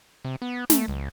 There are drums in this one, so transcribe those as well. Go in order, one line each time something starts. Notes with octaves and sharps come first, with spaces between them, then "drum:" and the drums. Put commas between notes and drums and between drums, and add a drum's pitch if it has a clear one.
C3
B3
A3, drum: snare
C#2